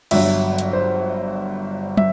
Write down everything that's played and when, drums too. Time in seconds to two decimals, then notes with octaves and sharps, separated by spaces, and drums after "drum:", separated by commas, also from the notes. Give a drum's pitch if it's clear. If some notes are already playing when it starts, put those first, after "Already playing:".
0.11 G1 G2 F#3 E5, drum: cymbal
0.58 drum: hi-hat
0.73 C5
1.97 E5, drum: tom